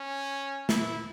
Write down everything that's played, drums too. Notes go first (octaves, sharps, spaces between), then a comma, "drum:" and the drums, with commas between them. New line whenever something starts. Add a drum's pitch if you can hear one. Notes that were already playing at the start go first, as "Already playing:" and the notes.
Already playing: C#4
E4, drum: snare